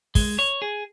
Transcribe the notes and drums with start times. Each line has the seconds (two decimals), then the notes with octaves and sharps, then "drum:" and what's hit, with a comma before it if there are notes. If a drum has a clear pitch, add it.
0.15 G#3, drum: kick, open hi-hat
0.39 C#5
0.62 G#4